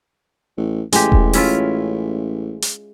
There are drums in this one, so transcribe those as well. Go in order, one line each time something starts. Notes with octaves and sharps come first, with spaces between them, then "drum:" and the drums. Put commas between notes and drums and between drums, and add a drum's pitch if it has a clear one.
A1
A1 G#3 G4, drum: hi-hat
drum: kick E1
C#4 E4 F4, drum: open hi-hat
drum: hi-hat